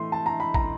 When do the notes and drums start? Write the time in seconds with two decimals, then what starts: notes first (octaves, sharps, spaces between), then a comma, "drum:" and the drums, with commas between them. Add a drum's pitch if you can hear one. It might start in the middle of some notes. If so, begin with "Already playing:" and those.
Already playing: A2 E3 C6
0.12 A5
0.26 A#5
0.40 B5
0.54 A#5, drum: kick